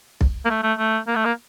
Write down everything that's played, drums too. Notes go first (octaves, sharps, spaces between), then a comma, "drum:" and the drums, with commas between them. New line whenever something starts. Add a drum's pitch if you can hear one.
drum: kick B1
A#3
A3
A3
A3
A#3
A3
A#3